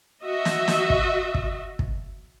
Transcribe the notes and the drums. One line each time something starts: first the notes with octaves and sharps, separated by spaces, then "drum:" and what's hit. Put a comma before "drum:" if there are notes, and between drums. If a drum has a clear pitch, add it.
F#4 D#5 E5
drum: snare
drum: snare
drum: kick
drum: kick
drum: kick